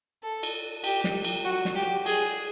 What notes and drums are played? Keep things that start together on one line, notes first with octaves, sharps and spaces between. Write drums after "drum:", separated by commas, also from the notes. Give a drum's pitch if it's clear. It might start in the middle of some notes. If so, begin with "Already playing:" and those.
A4
drum: cymbal
G4, drum: cymbal
drum: snare
drum: cymbal
F#4
drum: snare
G4
G#4, drum: cymbal